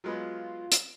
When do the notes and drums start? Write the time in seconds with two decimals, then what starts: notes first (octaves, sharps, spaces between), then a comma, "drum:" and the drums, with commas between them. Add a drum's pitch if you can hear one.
0.04 F#3 G#3 B3 F4
0.72 drum: hi-hat